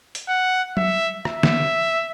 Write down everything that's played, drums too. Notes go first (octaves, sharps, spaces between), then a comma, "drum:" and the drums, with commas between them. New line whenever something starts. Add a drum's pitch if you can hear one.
drum: hi-hat
F#5
E5, drum: tom F#3
E5, drum: rim click
drum: snare